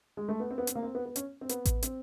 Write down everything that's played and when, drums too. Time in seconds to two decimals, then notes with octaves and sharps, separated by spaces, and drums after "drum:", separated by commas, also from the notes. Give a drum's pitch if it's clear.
0.17 G#3
0.29 A3
0.40 B3
0.51 C4
0.58 B3
0.67 C4, drum: hi-hat
0.75 A#3
0.83 C4
0.95 B3
1.06 B3
1.16 C#4, drum: hi-hat
1.41 C4
1.49 B3, drum: hi-hat
1.65 drum: kick A1, hi-hat
1.83 C4, drum: hi-hat